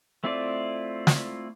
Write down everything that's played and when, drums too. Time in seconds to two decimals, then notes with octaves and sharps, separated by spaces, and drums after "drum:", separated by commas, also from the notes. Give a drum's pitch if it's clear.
0.24 A3 C4 E4 F4 D5
1.07 drum: snare